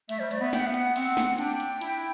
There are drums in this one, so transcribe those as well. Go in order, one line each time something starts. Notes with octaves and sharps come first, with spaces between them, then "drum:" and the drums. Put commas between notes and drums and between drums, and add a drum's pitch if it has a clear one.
A3 E5, drum: hi-hat
G3 C5
A3 D5, drum: hi-hat
B3 E5
G5, drum: snare
F#5
E5
F#5, drum: hi-hat
C4, drum: open hi-hat
drum: snare
D4 G5, drum: hi-hat
drum: hi-hat
E4, drum: hi-hat